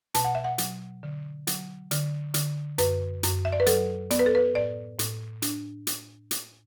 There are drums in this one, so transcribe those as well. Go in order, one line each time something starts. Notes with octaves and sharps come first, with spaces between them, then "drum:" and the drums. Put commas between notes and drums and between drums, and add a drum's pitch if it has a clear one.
B2 A5, drum: hi-hat
F#5
E5
F#5
F#3, drum: hi-hat
D3
F#3, drum: hi-hat
D3, drum: hi-hat
D3, drum: hi-hat
F#2 B4, drum: hi-hat
F#2, drum: hi-hat
E5
D5
B4
F#3 A4, drum: hi-hat
B3 D5, drum: hi-hat
B4
A4
B4
A2 D5
A2, drum: hi-hat
D4, drum: hi-hat
drum: hi-hat
drum: hi-hat